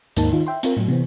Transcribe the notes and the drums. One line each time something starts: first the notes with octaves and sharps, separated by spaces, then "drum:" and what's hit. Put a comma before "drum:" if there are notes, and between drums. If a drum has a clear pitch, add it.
D#2 G#2 A#3 D#4 A#4 A5, drum: hi-hat
D#3 D#4 F4
E5 G5 C6
C4 F4 A#4, drum: hi-hat
A2 F#3
C3 E3 B3 C4